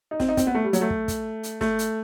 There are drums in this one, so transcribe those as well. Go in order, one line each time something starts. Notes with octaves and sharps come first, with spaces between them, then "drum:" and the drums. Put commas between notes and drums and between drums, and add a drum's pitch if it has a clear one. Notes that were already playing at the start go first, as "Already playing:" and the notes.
D#4
C4, drum: snare
D#4
C4, drum: kick, hi-hat
B3
A3
G3
F#3, drum: hi-hat
A3
drum: kick
drum: kick, hi-hat
drum: hi-hat
A3, drum: snare
drum: hi-hat